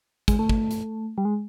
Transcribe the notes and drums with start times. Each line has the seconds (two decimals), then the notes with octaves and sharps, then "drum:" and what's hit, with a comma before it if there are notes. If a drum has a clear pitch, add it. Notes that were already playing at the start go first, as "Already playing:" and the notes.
0.28 G#3, drum: kick, hi-hat
0.39 A3
0.49 drum: kick
0.71 drum: hi-hat
1.18 G3
1.25 G#3